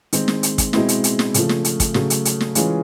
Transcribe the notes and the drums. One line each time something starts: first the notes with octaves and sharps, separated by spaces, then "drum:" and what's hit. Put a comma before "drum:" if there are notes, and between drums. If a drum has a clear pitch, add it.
D#3 G#3 C4, drum: hi-hat
drum: snare
drum: hi-hat
drum: kick, hi-hat
B2 G#3 C4 E4, drum: snare
drum: hi-hat
drum: hi-hat
drum: snare
C#3 F3 A3, drum: hi-hat
drum: snare
drum: hi-hat
drum: kick, hi-hat
C#3 F#3 A3, drum: snare
drum: hi-hat
drum: hi-hat
drum: snare
E3 G#3 C#4 F4 G#4, drum: hi-hat